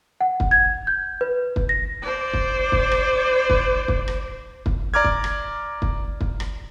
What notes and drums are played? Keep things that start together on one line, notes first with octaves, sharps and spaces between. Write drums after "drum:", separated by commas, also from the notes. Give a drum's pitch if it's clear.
F#5
drum: kick
G#6
G6
B4
drum: kick
A#6
C5 D5
drum: kick
drum: kick
drum: rim click
drum: kick
drum: kick
drum: rim click
drum: kick
D5 A#5 D6 F6 G#6
drum: kick
drum: rim click
drum: kick
drum: kick
drum: rim click